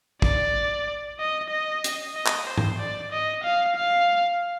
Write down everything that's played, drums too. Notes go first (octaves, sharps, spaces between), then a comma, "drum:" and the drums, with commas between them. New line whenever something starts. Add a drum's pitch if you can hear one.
D5, drum: kick
D#5
D#5
drum: hi-hat
D#5
drum: clap
C5
drum: tom G#2
D5
D#5
F5
F5